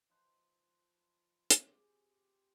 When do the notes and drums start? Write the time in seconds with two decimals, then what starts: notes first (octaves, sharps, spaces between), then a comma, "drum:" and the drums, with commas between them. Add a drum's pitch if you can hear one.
0.10 F3 D#4 B4 C5
1.50 drum: hi-hat
1.66 C4 G4 G#4